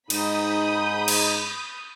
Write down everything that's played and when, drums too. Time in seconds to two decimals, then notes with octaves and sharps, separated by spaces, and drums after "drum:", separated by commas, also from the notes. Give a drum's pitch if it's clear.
0.10 G#2 D#4 B5 D#6 G6, drum: cymbal
1.08 drum: cymbal